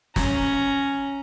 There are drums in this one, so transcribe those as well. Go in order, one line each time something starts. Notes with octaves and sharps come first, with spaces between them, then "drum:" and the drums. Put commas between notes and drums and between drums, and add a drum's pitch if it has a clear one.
C#4 A#5, drum: snare